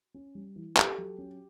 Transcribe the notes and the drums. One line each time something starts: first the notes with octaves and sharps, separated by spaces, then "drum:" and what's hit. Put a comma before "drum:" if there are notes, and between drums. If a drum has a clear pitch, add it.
C#4
G3
E3
G4 A4, drum: clap
F#3
C#4